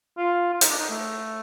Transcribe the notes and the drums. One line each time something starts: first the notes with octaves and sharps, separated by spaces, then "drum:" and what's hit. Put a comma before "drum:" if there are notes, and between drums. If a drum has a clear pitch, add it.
F4
F4
D#4, drum: hi-hat
D4
D#4
A3